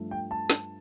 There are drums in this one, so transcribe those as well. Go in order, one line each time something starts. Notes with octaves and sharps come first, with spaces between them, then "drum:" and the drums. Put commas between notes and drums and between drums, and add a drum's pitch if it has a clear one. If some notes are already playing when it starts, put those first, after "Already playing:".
Already playing: G2 F3 A3
G5
A5
drum: snare